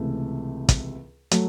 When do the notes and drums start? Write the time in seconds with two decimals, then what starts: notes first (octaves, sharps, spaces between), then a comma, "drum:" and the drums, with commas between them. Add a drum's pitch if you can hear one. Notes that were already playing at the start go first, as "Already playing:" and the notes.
Already playing: C#2 C3 E3 A3
0.69 drum: kick, hi-hat
1.31 F#3 A3, drum: hi-hat